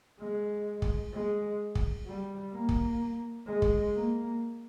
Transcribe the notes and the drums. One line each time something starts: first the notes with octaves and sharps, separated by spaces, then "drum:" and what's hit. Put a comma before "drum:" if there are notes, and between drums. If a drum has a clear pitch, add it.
G#3
drum: kick
G#3
drum: kick
G3
A#3
drum: kick
G#3
drum: kick
A#3